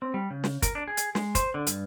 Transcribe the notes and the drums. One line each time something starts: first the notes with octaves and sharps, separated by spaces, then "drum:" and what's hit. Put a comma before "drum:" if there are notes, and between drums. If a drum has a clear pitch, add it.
C4
G3
C#3
drum: snare
A#4, drum: kick, hi-hat
D4
G#4
drum: hi-hat
G#3, drum: snare
C5, drum: kick, hi-hat
D3
G2, drum: hi-hat